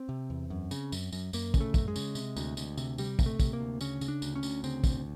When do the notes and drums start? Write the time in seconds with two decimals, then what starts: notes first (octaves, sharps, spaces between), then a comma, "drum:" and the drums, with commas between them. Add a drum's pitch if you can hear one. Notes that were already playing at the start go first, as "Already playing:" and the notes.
Already playing: C4
0.09 C3
0.30 E2
0.50 F#2
0.71 C#3, drum: tambourine
0.92 F#2, drum: tambourine
1.12 F#2, drum: tambourine
1.33 F#2 A#3, drum: tambourine
1.54 C#3, drum: kick, tambourine
1.61 A3
1.74 F#2, drum: kick, tambourine
1.88 G#3
1.96 C#3, drum: tambourine
2.15 C3, drum: tambourine
2.36 D2, drum: tambourine
2.57 D2, drum: tambourine
2.78 C3, drum: tambourine
2.98 C3 G3, drum: tambourine
3.19 C3, drum: kick, tambourine
3.26 A3
3.40 C3, drum: kick, tambourine
3.53 A#3
3.60 D2
3.81 C#3 C#4, drum: tambourine
4.01 C#3, drum: tambourine
4.08 D4
4.22 D2, drum: tambourine
4.35 C#4
4.43 D2, drum: tambourine
4.64 C#3 C4, drum: tambourine
4.84 D2, drum: kick, tambourine